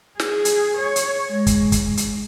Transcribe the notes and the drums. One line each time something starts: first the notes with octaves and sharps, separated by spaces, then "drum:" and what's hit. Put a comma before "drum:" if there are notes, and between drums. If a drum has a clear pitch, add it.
G#4, drum: snare
drum: hi-hat
C#5
drum: hi-hat
G#3
drum: kick, hi-hat
drum: kick, hi-hat
drum: hi-hat